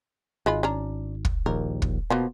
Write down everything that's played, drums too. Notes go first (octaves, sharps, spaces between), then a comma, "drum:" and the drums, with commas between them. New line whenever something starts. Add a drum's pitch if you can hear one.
G#1 G#3 F4 B5
C#4 D4 A#5
drum: kick
A#1 D#2 A#4
drum: kick
B2 F3 A#3 B3